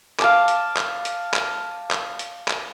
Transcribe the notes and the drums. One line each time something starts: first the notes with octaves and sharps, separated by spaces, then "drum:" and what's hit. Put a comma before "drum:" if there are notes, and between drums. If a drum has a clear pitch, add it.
F5 A5 D6, drum: clap
drum: hi-hat
drum: clap
drum: hi-hat
drum: clap
drum: clap
drum: hi-hat
drum: clap